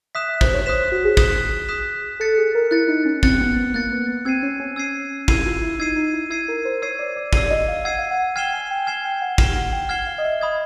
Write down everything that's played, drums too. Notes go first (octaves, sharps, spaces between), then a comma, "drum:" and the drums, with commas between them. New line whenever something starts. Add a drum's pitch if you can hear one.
E5 D#6 F#6 B6 E7
E5
C5, drum: kick
C#5
C5 D#6 F#6 B6 E7
C5
F#4
G#4
D#6 F#6 B6 E7, drum: kick
D#6 F#6 B6 E7
A4 F#6 A6 C#7
G#4
A#4
E4 F#6 A6 C#7
D#4
C#4
C4 F#6 A6 C#7, drum: kick
B3
B3
A#3 F#6 A6 C#7
B3
B3
C4 E6 G#6 C7 D#7
C#4
C#4
E6 G#6 C7 D#7
E4 E6 G#6 C7 D#7, drum: kick
F4
E4
D#4 E6 G#6 C7 D#7
D#4
E4
E4 E6 G#6 C7 D#7
A#4
C5
C#5 E6 G#6 C7 D#7
D5
D5
D5 E6 G#6 C7 D#7, drum: kick
D#5
F5
F#5 E6 G#6 C7 D#7
F5
F#5
G5 F6 G#6 C7 E7 G7
G#5
G5
G#5 F6 G#6 C7 E7 G7
G5
F#5
F6 G#6 C7 E7 G7, drum: kick
F#5
G5
F#5 F6 G#6 C7 E7 G7
F5
D#5
E5
D#5 B5 D#6 G#6